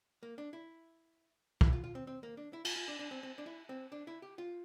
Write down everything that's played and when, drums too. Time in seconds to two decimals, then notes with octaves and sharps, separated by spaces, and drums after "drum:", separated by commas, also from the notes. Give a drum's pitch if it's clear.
0.23 A#3
0.38 D4
0.53 E4
1.61 E4, drum: kick
1.73 F4
1.84 F4
1.95 C4
2.07 C4
2.23 A#3
2.37 D4
2.53 E4
2.65 F4, drum: cymbal
2.76 F4
2.88 D4
2.99 D4
3.11 C4
3.23 C4
3.38 D4
3.46 E4
3.69 C4
3.92 D4
4.07 E4
4.22 G4
4.38 F4